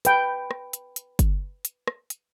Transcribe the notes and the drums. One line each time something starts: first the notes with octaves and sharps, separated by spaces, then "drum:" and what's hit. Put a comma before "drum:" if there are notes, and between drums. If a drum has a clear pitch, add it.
B4 G5, drum: hi-hat
drum: rim click
drum: hi-hat
drum: hi-hat
drum: kick G1, hi-hat
drum: hi-hat
drum: rim click
drum: hi-hat